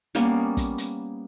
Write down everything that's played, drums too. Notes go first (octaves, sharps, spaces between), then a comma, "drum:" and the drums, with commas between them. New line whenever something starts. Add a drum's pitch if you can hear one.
G3 A#3 B3 C#4, drum: hi-hat
drum: kick, hi-hat
drum: hi-hat